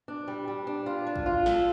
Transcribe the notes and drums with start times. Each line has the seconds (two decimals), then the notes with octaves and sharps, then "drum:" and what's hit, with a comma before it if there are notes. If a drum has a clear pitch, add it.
0.08 D4
0.28 G3
0.47 G3
0.67 D4
0.86 F4
1.07 D4
1.16 drum: kick
1.26 F4
1.46 A4, drum: snare